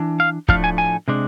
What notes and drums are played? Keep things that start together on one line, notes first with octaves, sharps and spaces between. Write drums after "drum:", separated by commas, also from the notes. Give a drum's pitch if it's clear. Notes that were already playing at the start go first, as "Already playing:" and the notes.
Already playing: E3 D4
F5
A2 F3 A3 D4 F5, drum: kick
G#5
G#5
C3 G#3 D4